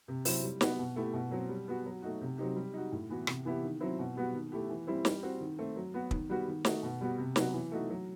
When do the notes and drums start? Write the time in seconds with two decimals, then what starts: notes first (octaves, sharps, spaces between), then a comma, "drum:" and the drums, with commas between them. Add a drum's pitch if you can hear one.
0.08 C3
0.25 F#3 C4 E4, drum: open hi-hat
0.44 G3
0.61 B3 F#4, drum: snare
0.79 B2
0.96 A3 E4 G4
1.13 B2
1.31 F#3 C4
1.49 G3
1.68 B3 F#4
1.86 F#3
2.02 A3 D#4 F#4
2.21 C3
2.38 F#3 C4 D#4 G4
2.56 G3
2.74 D#4 F#4
2.92 A2
3.10 E3 B3 F#4
3.27 C3, drum: rim click
3.45 E3 B3 E4 G4
3.63 D#3
3.80 F#3 C4 E4
3.99 B2
4.16 G3 B3 F#4
4.34 D#3
4.52 A3 E4 G4
4.69 E3
4.87 G3 C4 E4
5.05 G3, drum: snare
5.23 C4 F#4
5.40 D#3
5.59 A3 C4
5.76 F#3
5.94 B3 F#4
6.11 D#3, drum: kick
6.30 G3 B3 F#4
6.47 D#3
6.65 A3 D#4 F#4, drum: snare
6.83 B2
7.01 G3 B3 F#4
7.18 C3
7.36 F#3 B3 F#4, drum: snare
7.53 E3
7.72 A3 D#4 F#4
7.90 F#3